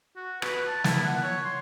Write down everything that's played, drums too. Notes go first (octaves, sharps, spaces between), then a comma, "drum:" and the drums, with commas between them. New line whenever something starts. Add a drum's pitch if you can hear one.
F#4
B4, drum: rim click
A5
E4, drum: snare
F#5
C#5
C6